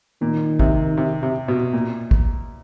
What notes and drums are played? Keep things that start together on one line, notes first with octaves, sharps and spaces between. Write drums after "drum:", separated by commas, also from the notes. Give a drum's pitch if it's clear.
A#2 D#3
C3, drum: kick
C3
C3
B2
A#2
drum: kick